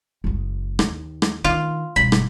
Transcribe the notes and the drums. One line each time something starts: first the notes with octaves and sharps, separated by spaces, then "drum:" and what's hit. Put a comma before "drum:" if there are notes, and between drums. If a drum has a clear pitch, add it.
F#1 G#3
D#2, drum: rim click
drum: rim click
D#3 F4
E1 G2 B5
drum: rim click